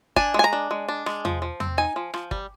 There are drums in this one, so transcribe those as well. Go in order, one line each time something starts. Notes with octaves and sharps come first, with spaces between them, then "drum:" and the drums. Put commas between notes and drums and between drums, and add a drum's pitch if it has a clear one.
D4 G#5, drum: kick
G#3 G#5
A#5
D4
G#3
D4
G#3, drum: rim click
F3, drum: tom E2
F3
C4, drum: tom E2
D#4 G#5
F3
F3, drum: rim click
G3, drum: kick